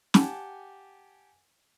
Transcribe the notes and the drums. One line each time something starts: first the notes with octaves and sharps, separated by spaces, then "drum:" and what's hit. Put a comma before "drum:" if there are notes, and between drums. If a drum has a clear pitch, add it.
G4 F#5 G#5 A5, drum: snare